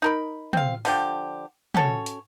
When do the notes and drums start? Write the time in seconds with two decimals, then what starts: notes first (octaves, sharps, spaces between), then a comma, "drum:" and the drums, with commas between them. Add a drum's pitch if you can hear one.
0.02 D#4 A#4 B5
0.53 C4 F5, drum: tom
0.85 D3 F3 G4, drum: open hi-hat
1.74 C#4 F#4 A4 C#5, drum: tom
2.06 drum: hi-hat